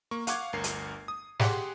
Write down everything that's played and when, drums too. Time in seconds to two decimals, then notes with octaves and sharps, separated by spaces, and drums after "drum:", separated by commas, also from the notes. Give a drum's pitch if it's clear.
0.11 A#3 C#6
0.27 F5 F#5 C#6 D6 G#6, drum: hi-hat
0.53 G1 D2 A#4 C7
0.64 drum: hi-hat
1.08 D#6
1.39 G4 G#4 F#5 C6 D6, drum: snare